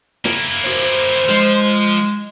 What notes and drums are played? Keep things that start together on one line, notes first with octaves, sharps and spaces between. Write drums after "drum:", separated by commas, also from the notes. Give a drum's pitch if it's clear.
A#3 E4, drum: snare
C5, drum: open hi-hat
F3 G#3, drum: hi-hat